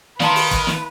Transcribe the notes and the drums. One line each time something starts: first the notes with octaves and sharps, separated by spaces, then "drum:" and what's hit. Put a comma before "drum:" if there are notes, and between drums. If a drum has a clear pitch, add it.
D#3 B4 D5 F5 A5 A#5 C6, drum: snare
drum: open hi-hat
drum: kick, hi-hat
drum: snare